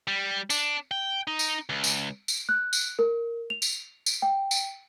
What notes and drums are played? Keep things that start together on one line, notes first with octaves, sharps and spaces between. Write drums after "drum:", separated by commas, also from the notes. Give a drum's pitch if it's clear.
G3
D4, drum: tambourine
G5
D#4
drum: tambourine
C#2
drum: tambourine
drum: tambourine
F#6
drum: tambourine
A#4
F7
drum: tambourine
drum: tambourine
G5
drum: tambourine